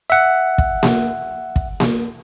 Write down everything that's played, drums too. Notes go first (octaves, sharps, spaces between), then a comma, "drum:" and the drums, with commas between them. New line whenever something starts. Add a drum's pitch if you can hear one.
E5 F#5
drum: kick
drum: snare A#3
drum: kick
drum: snare A#3